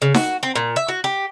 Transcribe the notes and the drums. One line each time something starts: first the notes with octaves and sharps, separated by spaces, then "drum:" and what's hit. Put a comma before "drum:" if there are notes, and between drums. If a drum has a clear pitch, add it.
C#3
F#4, drum: snare D#4
C4
A#2
E5
F#4
G4